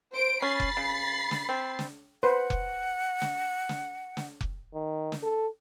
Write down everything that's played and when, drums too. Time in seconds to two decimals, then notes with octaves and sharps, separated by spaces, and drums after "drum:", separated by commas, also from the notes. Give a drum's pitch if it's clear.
0.12 C5 D7
0.42 C#4 B5 A6 C7
0.60 drum: kick F1
0.77 C#3
1.31 drum: snare
1.49 C4
1.79 drum: snare
2.23 B4 C5 F#5
2.50 drum: kick F1
3.22 drum: snare
3.69 drum: snare
4.17 drum: snare
4.41 drum: kick F1
4.75 D#3
5.12 drum: snare
5.23 A4